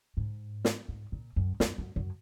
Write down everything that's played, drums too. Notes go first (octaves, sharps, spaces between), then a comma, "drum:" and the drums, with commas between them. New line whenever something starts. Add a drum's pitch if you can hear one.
G#2
drum: snare
G#2
A#2
F#2
F#2, drum: snare
F#2
F#2